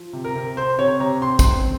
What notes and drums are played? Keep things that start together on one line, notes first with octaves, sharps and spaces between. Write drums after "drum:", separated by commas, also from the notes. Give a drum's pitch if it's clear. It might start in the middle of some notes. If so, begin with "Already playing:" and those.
Already playing: F3
C3
A#4
C3
C4 C5
C3 C#5
C3 A#5
C4 C6
C6, drum: kick, tambourine
C4